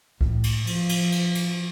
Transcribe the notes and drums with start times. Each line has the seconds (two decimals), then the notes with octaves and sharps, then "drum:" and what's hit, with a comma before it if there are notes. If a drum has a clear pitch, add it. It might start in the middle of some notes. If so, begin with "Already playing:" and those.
0.21 A2, drum: kick
0.44 drum: cymbal
0.67 F3, drum: cymbal
0.89 drum: cymbal
1.12 drum: cymbal
1.35 drum: cymbal